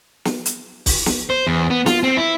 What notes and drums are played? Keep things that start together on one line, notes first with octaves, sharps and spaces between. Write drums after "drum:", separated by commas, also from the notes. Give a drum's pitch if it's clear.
drum: snare
drum: hi-hat
drum: kick, open hi-hat
drum: snare
C5
E2
B3
F4, drum: snare
C4
E4